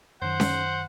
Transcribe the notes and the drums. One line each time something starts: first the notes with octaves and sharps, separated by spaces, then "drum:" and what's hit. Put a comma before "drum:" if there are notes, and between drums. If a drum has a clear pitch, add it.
F#2 D#3 C5 F#5
drum: snare C#4